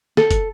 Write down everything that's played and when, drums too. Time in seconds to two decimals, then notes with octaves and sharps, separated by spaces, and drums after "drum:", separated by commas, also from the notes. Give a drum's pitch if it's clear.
0.17 A4, drum: snare
0.31 drum: kick, hi-hat